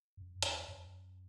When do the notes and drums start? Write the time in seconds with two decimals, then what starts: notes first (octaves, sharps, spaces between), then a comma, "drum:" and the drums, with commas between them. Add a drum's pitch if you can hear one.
0.17 F#2
0.43 E2, drum: hi-hat
0.68 F#2